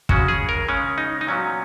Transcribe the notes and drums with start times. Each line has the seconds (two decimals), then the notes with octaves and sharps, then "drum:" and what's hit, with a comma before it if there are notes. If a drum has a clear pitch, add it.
0.09 C#3 G#3 C#4 F#4, drum: kick
0.28 G#4
0.49 A#4
0.69 C#3 G#3 C#4
0.98 D#4
1.21 D#4
1.27 A#2 F#3 B3 C#4